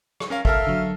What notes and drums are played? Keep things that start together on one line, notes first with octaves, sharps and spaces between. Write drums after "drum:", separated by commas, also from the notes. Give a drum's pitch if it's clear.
drum: rim click
C#4 A#4 F5
A4 A#4 E5 F5 A5 F6, drum: kick
D3 F#3